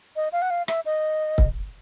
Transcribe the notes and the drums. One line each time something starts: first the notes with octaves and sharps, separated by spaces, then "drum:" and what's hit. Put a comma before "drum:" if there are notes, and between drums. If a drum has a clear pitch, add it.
D#5
F5
F#5
F5
E5, drum: rim click
D#5
drum: kick